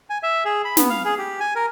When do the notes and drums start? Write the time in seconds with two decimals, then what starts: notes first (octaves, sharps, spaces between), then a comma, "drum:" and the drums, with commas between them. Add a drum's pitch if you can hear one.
0.10 G#5
0.23 E5
0.45 G#4
0.65 B5
0.77 B3, drum: snare
0.90 F5
1.05 G#4
1.18 G4
1.40 G#5
1.55 A#4